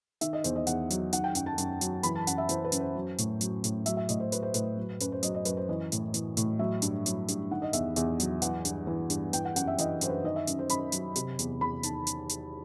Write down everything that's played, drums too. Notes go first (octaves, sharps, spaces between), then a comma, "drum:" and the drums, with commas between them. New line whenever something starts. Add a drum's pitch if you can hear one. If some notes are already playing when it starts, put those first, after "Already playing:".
D#3 E5, drum: hi-hat
D#5
E2 C5, drum: hi-hat
D#5
E2 F#5, drum: hi-hat
F#3, drum: hi-hat
D#3 F#5, drum: hi-hat
G5
F#2 G5, drum: hi-hat
A5
F#2, drum: hi-hat
F#3, drum: hi-hat
E3 B5, drum: hi-hat
A5
F#2 F#5, drum: hi-hat
E5
E3 C5, drum: hi-hat
B4
F#2, drum: hi-hat
C5
F#3
A2, drum: hi-hat
F#3, drum: hi-hat
A2, drum: hi-hat
F#3 E5, drum: hi-hat
E5
A2 D#5, drum: hi-hat
C5
F#3 B4, drum: hi-hat
C5
A2 B4, drum: hi-hat
F#3
F#2 B4, drum: hi-hat
C5
F#3 D#5, drum: hi-hat
D#5
F#2 B4, drum: hi-hat
C5
E3 D#5
A2, drum: hi-hat
E3, drum: hi-hat
A2, drum: hi-hat
F#3 E5
G2, drum: hi-hat
F#3, drum: hi-hat
G2, drum: hi-hat
D#3 F#5
D#5
E2 E5, drum: hi-hat
E2 E5, drum: hi-hat
F#3, drum: hi-hat
E3 F#5, drum: hi-hat
G2, drum: hi-hat
E3
G2, drum: hi-hat
E3 G5, drum: hi-hat
F#5
F#2 F#5, drum: hi-hat
E5
E3 D#5, drum: hi-hat
F#2 C5, drum: hi-hat
B4
D#3 D#5
E5
F#2, drum: hi-hat
C5
F#2 B5, drum: hi-hat
F#3, drum: hi-hat
C3, drum: hi-hat
E2, drum: hi-hat
E2 B5
D#3 A5, drum: hi-hat
drum: hi-hat
drum: hi-hat